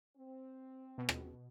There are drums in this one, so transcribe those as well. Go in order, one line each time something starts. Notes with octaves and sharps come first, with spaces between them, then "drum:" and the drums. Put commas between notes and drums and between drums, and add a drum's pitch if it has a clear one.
C4
B2
drum: rim click